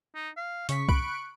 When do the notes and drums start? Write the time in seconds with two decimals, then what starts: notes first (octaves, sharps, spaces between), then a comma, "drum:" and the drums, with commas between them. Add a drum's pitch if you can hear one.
0.15 D#4
0.37 F5
0.69 C#3 C#6 B6, drum: hi-hat
0.89 B5 F#6 D7, drum: kick C2